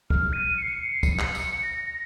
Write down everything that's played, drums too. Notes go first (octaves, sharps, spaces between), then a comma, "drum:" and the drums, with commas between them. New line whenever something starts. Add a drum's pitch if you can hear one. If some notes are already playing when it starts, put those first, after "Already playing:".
F6, drum: kick
D#7
C#7
C7
C#7
C7
C#7, drum: kick, tambourine
drum: clap
drum: tambourine
C#7
A#6
A#6
A#6